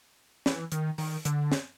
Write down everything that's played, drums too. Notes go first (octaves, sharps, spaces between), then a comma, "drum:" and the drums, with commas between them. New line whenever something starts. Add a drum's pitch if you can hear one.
E3, drum: snare
D#3, drum: hi-hat
D#3, drum: open hi-hat
D3, drum: hi-hat
drum: snare